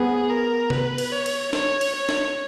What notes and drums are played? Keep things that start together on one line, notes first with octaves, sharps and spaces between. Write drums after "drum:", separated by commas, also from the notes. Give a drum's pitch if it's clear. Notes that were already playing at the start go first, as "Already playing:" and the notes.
Already playing: B3 G#4
A#4
B4, drum: tom C3
drum: cymbal
C#5
drum: cymbal
C#5, drum: snare
drum: cymbal
C#5
drum: snare